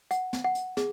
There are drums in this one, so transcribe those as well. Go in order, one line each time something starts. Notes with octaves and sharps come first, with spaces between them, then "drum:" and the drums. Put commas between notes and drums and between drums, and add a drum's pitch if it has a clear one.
F#5, drum: hi-hat
drum: snare
F#5
drum: hi-hat
G#4, drum: snare